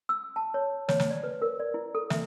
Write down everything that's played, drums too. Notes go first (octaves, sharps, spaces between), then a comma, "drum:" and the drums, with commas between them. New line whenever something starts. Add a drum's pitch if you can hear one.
E6
A5
C#5
C#5, drum: snare
drum: snare
D5
B4
A#4
D5
E4
A4
E5, drum: snare